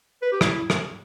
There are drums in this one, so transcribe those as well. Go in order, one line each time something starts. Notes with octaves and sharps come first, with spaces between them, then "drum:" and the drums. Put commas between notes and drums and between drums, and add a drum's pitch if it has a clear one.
B4
G4
E4, drum: rim click
drum: rim click